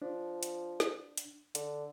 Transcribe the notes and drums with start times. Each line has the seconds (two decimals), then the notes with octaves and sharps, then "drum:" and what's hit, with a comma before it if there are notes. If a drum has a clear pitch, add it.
0.02 F3 D4
0.43 drum: hi-hat
0.80 drum: snare
1.17 drum: hi-hat
1.55 D3, drum: hi-hat